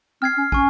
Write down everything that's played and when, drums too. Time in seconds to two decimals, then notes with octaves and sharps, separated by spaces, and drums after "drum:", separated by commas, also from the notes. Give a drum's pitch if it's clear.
0.22 C4 F6 G#6 C7
0.38 C#4
0.52 C#4 G#5 C#6, drum: kick